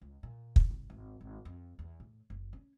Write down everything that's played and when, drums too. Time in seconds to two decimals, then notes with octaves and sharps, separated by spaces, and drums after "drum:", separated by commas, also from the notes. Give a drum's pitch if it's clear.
0.01 C#2
0.23 A#2
0.56 D#2, drum: kick
0.70 C2
0.90 G#1
1.21 G#1
1.45 F2
1.79 E2
2.00 A2
2.30 F#1
2.53 C#4